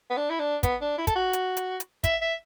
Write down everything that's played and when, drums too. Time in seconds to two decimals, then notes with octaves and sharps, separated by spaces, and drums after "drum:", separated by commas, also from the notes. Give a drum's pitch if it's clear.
0.10 B3
0.17 D4
0.30 E4
0.40 D4
0.63 B3, drum: kick, hi-hat
0.81 D4
0.98 E4
1.07 A4, drum: kick, hi-hat
1.15 F#4
1.33 drum: hi-hat
1.57 drum: hi-hat
1.80 drum: hi-hat
2.04 E5, drum: kick, hi-hat
2.21 E5